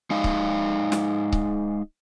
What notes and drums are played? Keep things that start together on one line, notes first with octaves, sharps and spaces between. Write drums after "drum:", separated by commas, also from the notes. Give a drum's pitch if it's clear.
G#3 D#4 F5
drum: kick C#1
drum: snare
drum: kick C#1